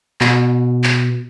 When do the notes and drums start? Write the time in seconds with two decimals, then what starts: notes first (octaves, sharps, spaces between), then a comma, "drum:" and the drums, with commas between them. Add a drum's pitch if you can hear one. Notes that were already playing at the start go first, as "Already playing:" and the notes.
0.21 B2, drum: clap
0.84 drum: clap